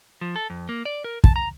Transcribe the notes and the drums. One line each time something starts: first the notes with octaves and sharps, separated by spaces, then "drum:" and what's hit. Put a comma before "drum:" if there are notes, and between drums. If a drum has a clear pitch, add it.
F3
A4
F2
A#3
D5
A#4
A5, drum: kick
A#5